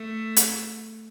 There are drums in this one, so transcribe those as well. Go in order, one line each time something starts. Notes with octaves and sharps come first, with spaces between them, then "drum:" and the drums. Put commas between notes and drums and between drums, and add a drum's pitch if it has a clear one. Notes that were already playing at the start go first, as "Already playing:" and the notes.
Already playing: A3
drum: hi-hat